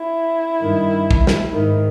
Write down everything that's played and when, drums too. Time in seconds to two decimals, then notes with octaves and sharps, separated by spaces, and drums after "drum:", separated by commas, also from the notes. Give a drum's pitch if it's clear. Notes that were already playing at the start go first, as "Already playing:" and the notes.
Already playing: E4
0.60 G2 D#3
1.11 drum: kick A1
1.27 drum: snare
1.50 G#2 D#3